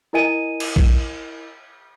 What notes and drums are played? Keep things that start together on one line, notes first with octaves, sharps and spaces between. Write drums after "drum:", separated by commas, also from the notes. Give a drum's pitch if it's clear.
E4 A#4 D#5 G#5 D#7
drum: cymbal
drum: kick